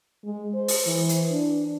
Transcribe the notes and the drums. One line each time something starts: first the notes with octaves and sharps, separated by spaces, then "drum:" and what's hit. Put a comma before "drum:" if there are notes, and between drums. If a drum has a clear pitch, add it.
G#3
C5
drum: open hi-hat
E3
drum: hi-hat
D4